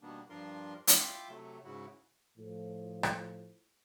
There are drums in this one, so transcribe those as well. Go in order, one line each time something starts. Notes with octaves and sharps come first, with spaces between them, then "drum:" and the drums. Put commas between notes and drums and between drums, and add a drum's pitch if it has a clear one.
B2 D#3 G3 A#3 B3 D4
G2 F3 D4 F4 A#4 C6
E4 F4 E5 G5 C6 D6, drum: hi-hat
C3 F#3 A3
G#2 C#3 E4 F#4
A2 F3
drum: rim click